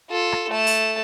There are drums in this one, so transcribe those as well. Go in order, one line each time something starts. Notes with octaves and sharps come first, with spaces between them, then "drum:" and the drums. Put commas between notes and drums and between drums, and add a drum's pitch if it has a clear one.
F4 A4
drum: rim click
A3 A5
drum: open hi-hat